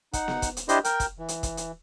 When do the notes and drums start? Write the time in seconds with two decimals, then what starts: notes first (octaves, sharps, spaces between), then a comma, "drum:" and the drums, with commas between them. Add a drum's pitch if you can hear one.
0.13 D#4 F#5, drum: kick, hi-hat
0.28 drum: snare B3
0.42 drum: kick, hi-hat
0.57 drum: hi-hat
0.69 D4 E4 G4 C5 D#5 C6, drum: hi-hat
0.85 A#4 G5, drum: hi-hat
1.00 drum: kick, hi-hat
1.19 E3
1.28 drum: hi-hat
1.43 drum: kick, hi-hat
1.57 drum: hi-hat